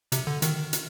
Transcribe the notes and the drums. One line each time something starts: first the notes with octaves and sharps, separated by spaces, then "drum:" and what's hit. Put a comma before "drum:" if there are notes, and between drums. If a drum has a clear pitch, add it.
C3, drum: hi-hat
D3
D#3, drum: hi-hat
drum: hi-hat